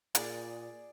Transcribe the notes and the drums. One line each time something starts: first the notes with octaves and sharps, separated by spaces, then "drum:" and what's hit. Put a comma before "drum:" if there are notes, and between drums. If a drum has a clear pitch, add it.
A#2 G#4 D5, drum: hi-hat